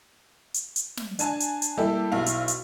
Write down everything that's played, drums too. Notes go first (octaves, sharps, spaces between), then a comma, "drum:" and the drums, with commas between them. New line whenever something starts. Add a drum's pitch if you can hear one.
drum: hi-hat
drum: hi-hat
drum: snare
D4 G#5 A5, drum: hi-hat
drum: hi-hat
drum: hi-hat
G3 A#3 E4 G4 A4
B1 E4 F5
drum: hi-hat
drum: hi-hat